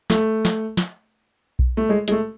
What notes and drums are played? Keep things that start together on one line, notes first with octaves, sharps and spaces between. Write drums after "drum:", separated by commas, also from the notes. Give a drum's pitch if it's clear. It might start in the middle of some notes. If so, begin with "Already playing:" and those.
A3, drum: snare
drum: snare
drum: snare
drum: kick B1
A3
G#3
G#3, drum: hi-hat
A3